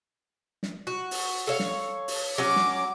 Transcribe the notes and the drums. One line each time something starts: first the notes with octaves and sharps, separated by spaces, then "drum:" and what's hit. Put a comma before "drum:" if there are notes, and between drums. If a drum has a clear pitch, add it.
drum: snare
F#4
drum: open hi-hat
A4 C#5 F5
drum: snare
drum: open hi-hat
F#3 C#4 D6
drum: snare